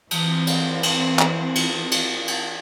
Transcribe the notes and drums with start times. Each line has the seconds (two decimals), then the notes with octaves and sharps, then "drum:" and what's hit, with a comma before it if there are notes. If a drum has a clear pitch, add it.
0.11 E3 C4, drum: cymbal
0.47 drum: cymbal
0.83 drum: cymbal
1.19 drum: clap
1.55 drum: cymbal
1.91 drum: cymbal
2.28 drum: cymbal